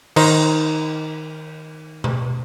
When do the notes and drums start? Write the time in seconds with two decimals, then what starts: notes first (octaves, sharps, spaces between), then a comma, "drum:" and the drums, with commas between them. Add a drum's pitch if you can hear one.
0.16 D#3 D#4 C5, drum: cymbal
2.04 drum: tom B2